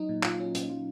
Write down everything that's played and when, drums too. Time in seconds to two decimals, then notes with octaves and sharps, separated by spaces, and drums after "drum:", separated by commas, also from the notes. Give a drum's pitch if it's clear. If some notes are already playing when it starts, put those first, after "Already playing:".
Already playing: F#3 D#4
0.09 A#2
0.23 A#2 F4, drum: clap
0.39 F#3 C#4
0.55 A#2, drum: hi-hat
0.70 F#3 F4